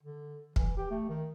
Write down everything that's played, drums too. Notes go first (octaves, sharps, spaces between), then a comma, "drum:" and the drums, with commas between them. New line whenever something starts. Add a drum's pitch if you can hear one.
D3
E3, drum: kick
G4
A3
D#3